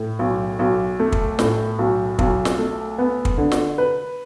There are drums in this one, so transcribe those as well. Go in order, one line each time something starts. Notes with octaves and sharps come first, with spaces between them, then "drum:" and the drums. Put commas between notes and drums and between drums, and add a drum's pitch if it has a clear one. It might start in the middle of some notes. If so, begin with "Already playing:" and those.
Already playing: A2
B1
B1
A3
drum: kick
A2, drum: snare
B1
B1, drum: kick
drum: snare
A3
B3
drum: kick
D3
drum: snare
B4